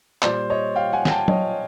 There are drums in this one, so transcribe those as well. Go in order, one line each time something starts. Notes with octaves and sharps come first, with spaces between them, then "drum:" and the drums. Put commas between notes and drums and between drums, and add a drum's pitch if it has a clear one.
A#2 G3 C5 D5, drum: clap
C#5 D#5
F5 G5
F#5 G#5
G#5, drum: snare
G5 A5
C#5 D#5, drum: tom F#3